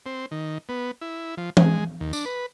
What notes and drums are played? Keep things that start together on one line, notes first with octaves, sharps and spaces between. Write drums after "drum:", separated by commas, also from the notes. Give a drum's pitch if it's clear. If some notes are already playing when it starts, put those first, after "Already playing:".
C4
D#3
B3
E4
F3
G#3, drum: tom E3
D#2
D4, drum: tambourine
B4